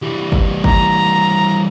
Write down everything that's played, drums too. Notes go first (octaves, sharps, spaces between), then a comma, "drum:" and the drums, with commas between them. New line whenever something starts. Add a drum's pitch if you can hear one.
E3 G3
drum: kick
A#5, drum: kick